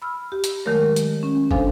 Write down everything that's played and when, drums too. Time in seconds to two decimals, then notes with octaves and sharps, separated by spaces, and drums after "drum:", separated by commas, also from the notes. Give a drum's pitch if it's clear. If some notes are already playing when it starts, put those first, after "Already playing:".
0.02 B5 E6 F6
0.32 G4
0.44 drum: hi-hat
0.65 D#3 F#3 G#3 A3 A#4 C#5
0.96 drum: hi-hat
1.23 C#4
1.51 D4 A4 C5 F5 G#5, drum: kick